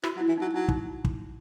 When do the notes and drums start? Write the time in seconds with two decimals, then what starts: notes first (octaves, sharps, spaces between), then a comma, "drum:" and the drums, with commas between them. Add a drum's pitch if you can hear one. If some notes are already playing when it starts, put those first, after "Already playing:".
0.03 E4 F#4, drum: rim click
0.17 F#3
0.20 E4
0.29 E3
0.38 D#4
0.41 F#3
0.54 F#3 D#4
0.68 D#4, drum: kick
1.05 drum: kick